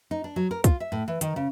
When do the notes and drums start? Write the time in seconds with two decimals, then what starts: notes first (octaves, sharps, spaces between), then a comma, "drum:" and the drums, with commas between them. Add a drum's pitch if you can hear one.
0.11 D#4
0.24 D4
0.36 F#3
0.51 A#4
0.64 F4, drum: kick, hi-hat
0.80 E5
0.92 A2
1.08 E3
1.21 D#3, drum: hi-hat
1.36 C#3